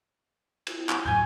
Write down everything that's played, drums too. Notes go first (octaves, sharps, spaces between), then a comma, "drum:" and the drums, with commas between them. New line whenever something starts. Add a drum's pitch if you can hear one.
E4 F#4 C5, drum: cymbal
drum: clap
D2 G#2 F#3 G#5 C#6 G6 G#6